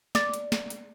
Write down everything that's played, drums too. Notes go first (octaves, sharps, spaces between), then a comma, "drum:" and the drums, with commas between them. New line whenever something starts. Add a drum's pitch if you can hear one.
D5, drum: snare
drum: hi-hat
drum: snare
drum: hi-hat